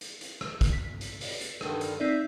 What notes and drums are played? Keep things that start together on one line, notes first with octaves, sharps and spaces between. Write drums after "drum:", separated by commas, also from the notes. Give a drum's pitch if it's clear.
drum: hi-hat
drum: hi-hat
drum: rim click
drum: kick, hi-hat
B6
drum: hi-hat
drum: open hi-hat
drum: hi-hat
G2 D3 D#3, drum: rim click
drum: hi-hat
C4 D#4 D5 E5